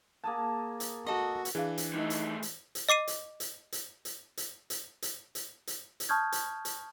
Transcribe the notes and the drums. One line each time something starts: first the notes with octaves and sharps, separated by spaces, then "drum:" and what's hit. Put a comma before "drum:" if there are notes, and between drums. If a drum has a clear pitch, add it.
A#3 G#4 A5
drum: hi-hat
F#4 A4 D#5
drum: hi-hat
E3 D4 G#4 F5
drum: hi-hat
G3 A3 D#4
drum: hi-hat
drum: hi-hat
drum: hi-hat
D#5 D6 C7 D#7
drum: hi-hat
drum: hi-hat
drum: hi-hat
drum: hi-hat
drum: hi-hat
drum: hi-hat
drum: hi-hat
drum: hi-hat
drum: hi-hat
drum: hi-hat
A5 C#6 D#6 F6 G6 G#6
drum: hi-hat
drum: hi-hat